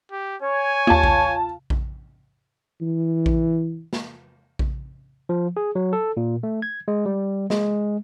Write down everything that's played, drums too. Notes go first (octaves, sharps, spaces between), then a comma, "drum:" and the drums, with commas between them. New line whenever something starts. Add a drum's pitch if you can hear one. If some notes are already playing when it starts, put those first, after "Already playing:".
G4
C#5 G#5
D#2 A#3 F4 A5
drum: kick A#1
drum: kick A#1
E3
drum: kick A#1
drum: snare
drum: kick A#1
F3
G#4
F#3
A4
A#2
A3
G#6
G#3
G3
G#3, drum: snare